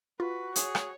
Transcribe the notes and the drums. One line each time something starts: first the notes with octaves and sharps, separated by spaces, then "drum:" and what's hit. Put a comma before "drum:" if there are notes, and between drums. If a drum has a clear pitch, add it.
F4 F#4 B4
G#4 C#5, drum: hi-hat
drum: rim click